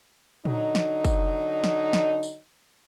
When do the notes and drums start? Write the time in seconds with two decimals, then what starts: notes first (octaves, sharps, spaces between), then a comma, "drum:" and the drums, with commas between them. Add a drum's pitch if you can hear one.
0.45 D3 F#3 D#4, drum: tom A#2
0.75 drum: snare
1.05 drum: kick, tambourine
1.64 drum: snare
1.93 drum: snare
2.23 drum: tambourine